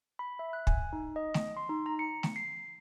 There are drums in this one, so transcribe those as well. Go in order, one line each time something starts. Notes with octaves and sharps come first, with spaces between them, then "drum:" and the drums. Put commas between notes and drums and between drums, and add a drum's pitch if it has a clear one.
B5
E5
F#6
G#5, drum: kick
D#4
D#5
drum: snare A3
C6
D#4
A#5
C#7
drum: snare A3
C7